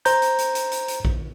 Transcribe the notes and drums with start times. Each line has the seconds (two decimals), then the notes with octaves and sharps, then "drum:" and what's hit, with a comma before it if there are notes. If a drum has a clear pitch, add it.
0.05 C5 A#5 G6, drum: hi-hat
0.22 drum: hi-hat
0.38 drum: hi-hat
0.55 drum: hi-hat
0.72 drum: hi-hat
0.88 drum: hi-hat
1.05 drum: kick A#1